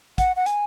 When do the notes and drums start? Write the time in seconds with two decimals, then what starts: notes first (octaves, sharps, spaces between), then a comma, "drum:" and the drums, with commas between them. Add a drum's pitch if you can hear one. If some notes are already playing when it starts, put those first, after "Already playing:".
0.18 F#5, drum: kick, hi-hat
0.36 F#5
0.46 G#5, drum: hi-hat